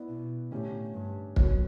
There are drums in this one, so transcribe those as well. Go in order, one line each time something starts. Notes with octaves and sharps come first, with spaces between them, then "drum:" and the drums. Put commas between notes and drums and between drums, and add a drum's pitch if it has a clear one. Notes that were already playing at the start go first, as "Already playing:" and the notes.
Already playing: B3 E4 B4 D5
B2
A2 D3 A3 C#4 G4
G2
F#2 B3 F#4 C#5, drum: kick